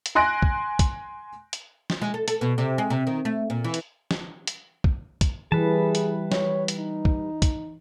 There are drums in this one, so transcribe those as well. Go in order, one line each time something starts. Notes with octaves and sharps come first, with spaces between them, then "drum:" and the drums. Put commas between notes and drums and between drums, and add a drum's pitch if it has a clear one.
drum: hi-hat
G#5 C6 F#6 A#6 D7
drum: kick
drum: kick, hi-hat
drum: hi-hat
drum: snare
G#3
A4
A4, drum: hi-hat
B2
C3
G#3
C3
D#3
A3
A#2
E3
drum: hi-hat
drum: snare
drum: hi-hat
drum: kick
drum: kick, hi-hat
E3 G3 G#4 B4 A5
drum: hi-hat
C#5, drum: snare
drum: hi-hat
D#4
drum: kick
drum: kick, hi-hat